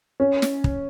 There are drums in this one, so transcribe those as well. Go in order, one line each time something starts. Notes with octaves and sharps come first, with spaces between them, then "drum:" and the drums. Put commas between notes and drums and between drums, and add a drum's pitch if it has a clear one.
C#4
drum: snare
drum: kick